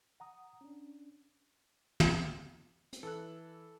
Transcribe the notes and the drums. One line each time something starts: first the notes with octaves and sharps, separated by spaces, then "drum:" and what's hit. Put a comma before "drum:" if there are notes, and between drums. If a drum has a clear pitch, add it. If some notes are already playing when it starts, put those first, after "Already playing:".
F#5 A#5 D#6
C#4 D4
drum: tom
drum: hi-hat
E3 A4 F#6